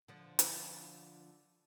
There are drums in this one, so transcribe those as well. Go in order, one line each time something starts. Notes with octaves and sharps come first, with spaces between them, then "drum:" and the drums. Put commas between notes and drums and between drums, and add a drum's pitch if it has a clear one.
D3 F3
drum: hi-hat